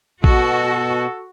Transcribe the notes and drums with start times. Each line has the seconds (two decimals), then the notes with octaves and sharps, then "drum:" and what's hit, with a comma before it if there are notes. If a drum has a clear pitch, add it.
0.24 B2 F#4 A4, drum: kick A1